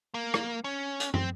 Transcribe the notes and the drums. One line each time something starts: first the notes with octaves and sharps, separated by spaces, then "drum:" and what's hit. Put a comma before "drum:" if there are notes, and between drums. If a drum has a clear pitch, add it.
A#3
drum: rim click
C#4
drum: hi-hat
C4, drum: tom